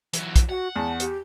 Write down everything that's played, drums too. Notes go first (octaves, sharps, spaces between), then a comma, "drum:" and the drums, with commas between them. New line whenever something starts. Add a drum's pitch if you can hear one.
E3 F#3, drum: hi-hat
drum: kick, hi-hat
F#4 F#5
E2 A5
G4, drum: hi-hat